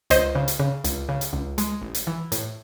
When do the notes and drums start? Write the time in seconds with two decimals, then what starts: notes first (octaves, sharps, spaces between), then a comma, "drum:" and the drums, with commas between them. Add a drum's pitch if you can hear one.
0.10 C#2 C5 D#5, drum: hi-hat
0.35 C#3
0.48 drum: hi-hat
0.60 C#3
0.84 C#2, drum: hi-hat
1.09 C#3
1.21 drum: hi-hat
1.33 C#2
1.58 G#3, drum: hi-hat
1.82 A1
1.94 drum: hi-hat
2.07 E3
2.32 A2, drum: hi-hat